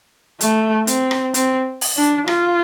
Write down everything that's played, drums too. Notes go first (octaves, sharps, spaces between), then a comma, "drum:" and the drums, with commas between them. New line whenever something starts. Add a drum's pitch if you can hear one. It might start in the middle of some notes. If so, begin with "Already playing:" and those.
A3, drum: hi-hat
C4, drum: hi-hat
drum: rim click
C4, drum: hi-hat
drum: open hi-hat
D4
F4, drum: rim click